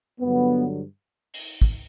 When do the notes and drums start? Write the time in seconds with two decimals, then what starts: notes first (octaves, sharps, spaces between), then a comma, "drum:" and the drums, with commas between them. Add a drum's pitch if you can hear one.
0.20 G2 D3 F#3 B3
1.34 drum: open hi-hat
1.62 drum: kick